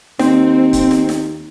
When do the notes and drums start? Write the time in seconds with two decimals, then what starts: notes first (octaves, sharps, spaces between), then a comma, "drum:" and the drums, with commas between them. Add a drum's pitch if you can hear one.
0.19 D#2 C4, drum: snare
0.73 drum: kick, hi-hat
0.91 drum: snare
1.09 drum: snare